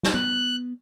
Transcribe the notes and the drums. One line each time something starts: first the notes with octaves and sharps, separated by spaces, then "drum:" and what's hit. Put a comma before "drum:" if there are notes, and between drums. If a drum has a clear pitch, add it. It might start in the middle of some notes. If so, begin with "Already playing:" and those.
drum: snare
B3 F#6